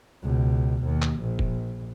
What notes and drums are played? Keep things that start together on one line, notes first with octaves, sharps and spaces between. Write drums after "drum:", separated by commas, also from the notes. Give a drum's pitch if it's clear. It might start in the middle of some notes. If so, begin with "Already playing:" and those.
C#2 B2
D#2
drum: clap
A#1
drum: kick F1